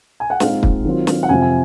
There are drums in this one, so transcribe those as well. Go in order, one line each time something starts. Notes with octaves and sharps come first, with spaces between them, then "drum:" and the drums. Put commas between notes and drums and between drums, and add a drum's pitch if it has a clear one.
G#5
F#5
A#2 G#3 C4 D#4 F5, drum: snare
drum: kick
D#3 F#3 C4 F4
drum: snare
F#5
F2 C3 F3 C4 F4 G#5
G#5